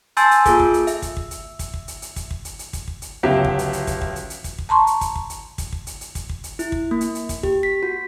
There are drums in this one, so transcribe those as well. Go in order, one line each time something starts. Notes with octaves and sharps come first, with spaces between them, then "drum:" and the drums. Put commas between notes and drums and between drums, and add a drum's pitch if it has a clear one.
G#5 A5 C6 E6 G6 A6, drum: hi-hat
drum: hi-hat
A#3 F4 G#4 A4, drum: kick, hi-hat
drum: kick
drum: hi-hat
E5, drum: hi-hat
drum: kick, hi-hat
drum: kick
drum: hi-hat
drum: kick, hi-hat
drum: kick
drum: hi-hat
drum: hi-hat
drum: kick, hi-hat
drum: kick
drum: hi-hat
drum: hi-hat
drum: kick, hi-hat
drum: kick
drum: hi-hat
G1 C#2 F#3 G4 E5
drum: kick
drum: hi-hat
drum: hi-hat
drum: kick, hi-hat
drum: kick
drum: hi-hat
drum: hi-hat
drum: kick, hi-hat
drum: kick
A5 A#5 C6 C#6
drum: hi-hat
drum: kick, hi-hat
drum: kick
drum: hi-hat
drum: kick, hi-hat
drum: kick
drum: hi-hat
drum: hi-hat
drum: kick, hi-hat
drum: kick
drum: hi-hat
E4, drum: hi-hat
drum: kick
A#3
drum: hi-hat
drum: hi-hat
drum: kick, hi-hat
G4, drum: kick
B6
F#4